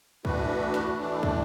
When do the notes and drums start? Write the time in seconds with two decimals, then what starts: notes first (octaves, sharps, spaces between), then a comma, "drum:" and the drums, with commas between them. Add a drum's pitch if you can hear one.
0.25 E3 A3 D4 F#4 B4, drum: kick
0.74 drum: snare
0.98 A2 E3 A3 D4
1.23 drum: kick